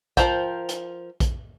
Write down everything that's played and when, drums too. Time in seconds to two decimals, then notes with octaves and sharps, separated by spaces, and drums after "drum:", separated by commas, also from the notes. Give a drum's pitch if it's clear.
0.17 F3 A#4 C5 G5, drum: kick A#1, hi-hat
0.69 drum: hi-hat
1.20 drum: kick A#1, hi-hat